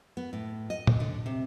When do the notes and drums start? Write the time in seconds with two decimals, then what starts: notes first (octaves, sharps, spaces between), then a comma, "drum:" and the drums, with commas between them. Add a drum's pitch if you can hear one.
0.17 B3
0.33 A2
0.70 D#5
0.87 drum: tom A#2
1.00 D3
1.26 C3